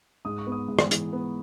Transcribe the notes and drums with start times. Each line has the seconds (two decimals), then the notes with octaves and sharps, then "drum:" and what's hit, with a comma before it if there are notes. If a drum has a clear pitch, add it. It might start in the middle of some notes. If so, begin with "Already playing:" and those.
0.25 G#2 D#6
0.38 C#6
0.47 B3
0.52 D#6
0.68 G#2
0.79 drum: rim click
0.91 E3, drum: hi-hat
1.13 B3